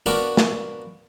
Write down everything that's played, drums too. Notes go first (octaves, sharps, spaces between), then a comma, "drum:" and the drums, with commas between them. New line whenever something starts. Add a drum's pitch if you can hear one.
A#3 B3 D4 F#4 A#4
drum: snare